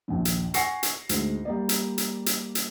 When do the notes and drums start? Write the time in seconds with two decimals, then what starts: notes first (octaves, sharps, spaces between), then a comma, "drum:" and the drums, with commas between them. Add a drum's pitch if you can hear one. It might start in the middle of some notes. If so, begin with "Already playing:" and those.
0.08 A#1 D#2 A#2
0.25 drum: hi-hat
0.54 F#5 G#5 C#6 A#6 C7 C#7, drum: hi-hat
0.83 drum: hi-hat
1.09 D2 G#2, drum: hi-hat
1.45 G3 A#3 D5
1.69 drum: hi-hat
1.98 drum: hi-hat
2.26 drum: hi-hat
2.55 drum: hi-hat